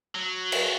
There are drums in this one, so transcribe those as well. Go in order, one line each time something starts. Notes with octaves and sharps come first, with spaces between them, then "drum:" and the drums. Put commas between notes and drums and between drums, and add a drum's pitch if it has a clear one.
F#3
drum: cymbal